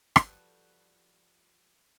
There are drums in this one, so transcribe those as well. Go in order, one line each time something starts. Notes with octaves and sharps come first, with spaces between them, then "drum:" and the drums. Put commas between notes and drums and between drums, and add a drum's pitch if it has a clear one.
F3 G3 F#4 A4 B4, drum: rim click